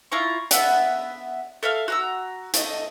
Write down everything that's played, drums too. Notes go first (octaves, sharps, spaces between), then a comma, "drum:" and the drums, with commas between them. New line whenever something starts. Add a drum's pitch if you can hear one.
E4 F4 A#5 C#6
B3 E5 F#5, drum: hi-hat
A4 E5 F5 F6
F#4 A#5 E6
A3 D#5, drum: hi-hat